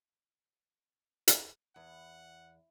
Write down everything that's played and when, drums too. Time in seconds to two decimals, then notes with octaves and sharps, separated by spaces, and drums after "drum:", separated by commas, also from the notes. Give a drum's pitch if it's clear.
1.28 drum: hi-hat
1.76 E2 F#5